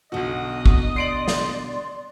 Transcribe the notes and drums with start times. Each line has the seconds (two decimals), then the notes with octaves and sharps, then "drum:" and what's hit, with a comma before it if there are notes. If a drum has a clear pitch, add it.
0.12 B1 B2 D3 F#4 D#5
0.66 drum: kick
0.96 D5 C6 C7 D7 F#7
1.28 drum: snare